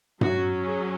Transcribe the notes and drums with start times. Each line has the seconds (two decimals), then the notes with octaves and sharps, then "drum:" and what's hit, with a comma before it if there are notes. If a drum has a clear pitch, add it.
0.21 F#3 C#4 F#4, drum: tom G2
0.67 G#4